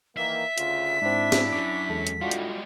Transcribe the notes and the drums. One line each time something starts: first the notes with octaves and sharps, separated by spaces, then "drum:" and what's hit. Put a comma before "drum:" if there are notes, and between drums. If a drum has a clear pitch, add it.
D#3 E3 A#3 E5 B6
D2 C#3 F4, drum: hi-hat
G#2 C4 D4 E4
drum: snare
F#2 D6
E2 G#3 A4
drum: hi-hat
A2 G3 G#3 D4 F4 F#4
drum: hi-hat